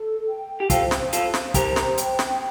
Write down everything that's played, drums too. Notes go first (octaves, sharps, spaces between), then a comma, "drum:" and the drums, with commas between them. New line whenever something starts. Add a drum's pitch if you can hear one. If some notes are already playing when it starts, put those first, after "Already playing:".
Already playing: A4
G5
G4
F4 A4 C5, drum: kick, hi-hat
drum: snare
F4 A4 C5, drum: hi-hat
drum: snare
G4 A#4 C5, drum: kick, hi-hat
drum: snare
G5, drum: hi-hat
drum: snare